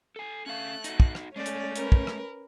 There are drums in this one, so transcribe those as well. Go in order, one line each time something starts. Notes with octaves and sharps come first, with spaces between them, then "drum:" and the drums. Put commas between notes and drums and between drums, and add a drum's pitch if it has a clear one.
A4 G#5
A3 C#4 F5 F#6
D#4 F#4, drum: hi-hat
drum: kick
drum: rim click
G#3 A3 C#4 D5
drum: hi-hat
A#4 B4, drum: hi-hat
drum: kick
drum: rim click